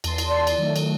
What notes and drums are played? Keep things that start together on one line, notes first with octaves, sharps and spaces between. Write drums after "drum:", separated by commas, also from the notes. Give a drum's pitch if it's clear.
E2 A5 C6, drum: cymbal
drum: cymbal
D5
drum: cymbal
D#3 F#3 A3
drum: cymbal